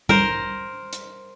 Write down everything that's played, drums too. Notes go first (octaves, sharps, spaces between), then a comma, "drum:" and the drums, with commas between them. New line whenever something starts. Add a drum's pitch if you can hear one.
A#4 C5, drum: tom G3
drum: hi-hat